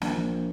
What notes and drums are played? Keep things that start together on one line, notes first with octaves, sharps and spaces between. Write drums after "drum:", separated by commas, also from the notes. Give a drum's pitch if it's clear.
A#1, drum: snare